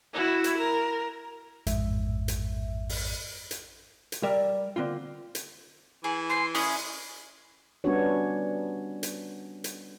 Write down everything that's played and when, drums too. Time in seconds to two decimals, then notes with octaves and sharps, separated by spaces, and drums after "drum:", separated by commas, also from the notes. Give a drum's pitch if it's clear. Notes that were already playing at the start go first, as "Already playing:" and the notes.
0.13 E4 F#4
0.44 drum: hi-hat
0.58 A#4
1.67 A1 F2 G#2 E5, drum: hi-hat
2.28 drum: hi-hat
2.89 drum: open hi-hat
3.51 drum: hi-hat
4.12 drum: hi-hat
4.23 G3 A#4 D5 E5
4.76 D3 A#3 C4 F4
5.35 drum: hi-hat
6.04 E3 G#4
6.30 C6
6.55 C#4 E4 G#4 D#6, drum: open hi-hat
7.84 G3 B3 C#4 D4 F#4 C#5
9.03 drum: hi-hat
9.64 drum: hi-hat